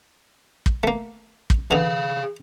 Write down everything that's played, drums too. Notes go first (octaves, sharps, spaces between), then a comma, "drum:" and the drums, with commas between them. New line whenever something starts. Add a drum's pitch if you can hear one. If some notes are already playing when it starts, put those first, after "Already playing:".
drum: kick
A3 A#3
drum: kick
D3 E3 G#4 F5